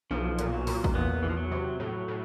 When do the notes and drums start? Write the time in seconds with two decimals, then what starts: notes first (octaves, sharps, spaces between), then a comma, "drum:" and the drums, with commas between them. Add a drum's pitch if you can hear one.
0.11 B1 F3
0.39 A#2, drum: hi-hat
0.53 F#3
0.67 A#2, drum: open hi-hat
0.84 drum: kick A1
0.95 E2 B3
1.23 E2 E3
1.30 F3
1.37 F#3
1.52 C3
1.80 A2 F#3
2.08 A2